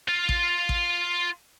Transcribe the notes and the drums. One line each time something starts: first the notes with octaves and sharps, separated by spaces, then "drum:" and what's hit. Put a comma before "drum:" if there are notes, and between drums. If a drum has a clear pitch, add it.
F4 F5
drum: kick A1
drum: kick A1